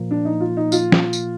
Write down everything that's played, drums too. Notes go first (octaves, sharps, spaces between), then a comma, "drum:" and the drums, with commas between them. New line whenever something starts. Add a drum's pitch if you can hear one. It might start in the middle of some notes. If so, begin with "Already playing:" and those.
Already playing: A#2 F3 A#3
D4
D#4
F4
D#4
F4, drum: tambourine
drum: snare
drum: tambourine